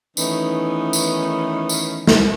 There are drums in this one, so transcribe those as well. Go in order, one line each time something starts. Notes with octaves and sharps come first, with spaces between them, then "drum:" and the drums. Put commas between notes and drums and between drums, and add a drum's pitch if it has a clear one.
D#3 E3 A3 B3 C#4 D#4, drum: tambourine
drum: tambourine
drum: tambourine
drum: snare